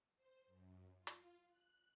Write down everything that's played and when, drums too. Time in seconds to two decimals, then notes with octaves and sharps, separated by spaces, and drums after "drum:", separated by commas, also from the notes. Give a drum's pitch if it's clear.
0.17 C5
0.46 F#2
0.98 F4
1.07 drum: hi-hat
1.48 F#6